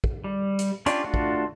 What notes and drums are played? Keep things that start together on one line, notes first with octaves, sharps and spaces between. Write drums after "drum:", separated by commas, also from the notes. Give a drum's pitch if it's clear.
drum: kick
G3
drum: hi-hat
C#4 D4 F4 G4 D5, drum: hi-hat
A3 D4 F4 F#4
drum: kick